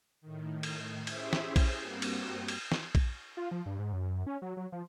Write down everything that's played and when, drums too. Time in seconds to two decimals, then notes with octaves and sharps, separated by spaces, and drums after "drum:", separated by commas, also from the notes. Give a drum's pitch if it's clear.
0.21 A2 D#3
0.63 drum: cymbal
1.07 C#4 E4 G4 G#4 C5 E5, drum: cymbal
1.33 drum: snare
1.56 drum: kick A#1, cymbal
1.81 G2 G3 A#3 C4 F#4
2.02 drum: cymbal
2.48 drum: cymbal
2.72 drum: snare
2.95 drum: kick A#1, cymbal
3.37 F4
3.51 F3
3.66 G2
3.79 G#2
3.93 F#2
4.27 C#4
4.42 F#3
4.57 F#3
4.72 F3